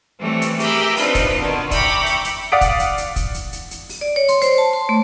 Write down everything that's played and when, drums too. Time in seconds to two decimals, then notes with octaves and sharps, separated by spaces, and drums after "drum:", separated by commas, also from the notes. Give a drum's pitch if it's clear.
0.19 E3 G3 A3 C4 C#5
0.42 drum: hi-hat
0.60 G4 G#4 A#4 E5 G5 B5, drum: hi-hat
0.97 C4 D4 D#4 F4 B4, drum: open hi-hat
1.15 drum: kick, hi-hat
1.37 B2 D3 D#3
1.71 E5 G5 A#5 B5 C#6 D6, drum: kick, hi-hat
2.06 drum: hi-hat
2.25 drum: hi-hat
2.52 D5 F5 F#5 D#6 B6 D7
2.61 drum: kick, hi-hat
2.80 drum: hi-hat
2.98 drum: hi-hat
3.16 drum: kick, hi-hat
3.34 drum: hi-hat
3.53 drum: hi-hat
3.71 drum: hi-hat
3.89 drum: open hi-hat
4.01 D5
4.16 C#5
4.29 C6, drum: hi-hat
4.42 C5, drum: hi-hat
4.58 A5
4.73 C6
4.89 A3